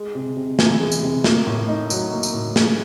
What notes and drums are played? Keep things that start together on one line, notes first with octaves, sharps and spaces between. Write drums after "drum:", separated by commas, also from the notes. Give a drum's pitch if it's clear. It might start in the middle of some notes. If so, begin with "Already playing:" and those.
Already playing: G#3
C3
C3
E3, drum: snare
G#3
drum: tambourine
C3
A#3, drum: snare
A2
D#4
F#3, drum: tambourine
A#3
drum: tambourine
A2
G#3, drum: snare